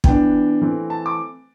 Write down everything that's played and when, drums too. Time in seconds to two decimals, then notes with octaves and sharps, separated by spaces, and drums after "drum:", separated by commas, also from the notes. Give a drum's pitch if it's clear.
0.04 E3 B3 D4 G5, drum: kick
0.62 E3 A3 C4
0.90 A5
1.06 D6